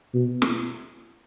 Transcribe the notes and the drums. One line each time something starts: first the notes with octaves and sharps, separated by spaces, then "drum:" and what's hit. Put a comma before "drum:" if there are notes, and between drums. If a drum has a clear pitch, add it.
B2
drum: snare